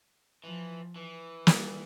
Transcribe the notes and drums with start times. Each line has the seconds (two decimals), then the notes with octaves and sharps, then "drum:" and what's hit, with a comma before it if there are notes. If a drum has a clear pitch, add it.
0.44 E3 F3
0.96 E3
1.47 G3, drum: snare